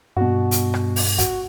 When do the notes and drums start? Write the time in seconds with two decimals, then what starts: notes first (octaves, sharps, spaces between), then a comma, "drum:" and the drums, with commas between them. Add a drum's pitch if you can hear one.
0.17 G2 B2 F#4
0.51 drum: hi-hat
0.74 drum: rim click
0.96 drum: open hi-hat
1.18 F#4, drum: kick, hi-hat